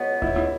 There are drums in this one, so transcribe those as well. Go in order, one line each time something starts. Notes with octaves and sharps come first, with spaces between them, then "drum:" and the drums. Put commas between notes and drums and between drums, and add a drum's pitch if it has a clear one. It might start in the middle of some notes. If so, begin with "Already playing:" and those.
Already playing: C#2 B2 F#3 B3
E4, drum: kick D2
E4